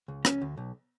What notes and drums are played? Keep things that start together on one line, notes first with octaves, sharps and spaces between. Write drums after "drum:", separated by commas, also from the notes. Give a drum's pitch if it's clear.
C#2
C#4, drum: rim click
D2
B1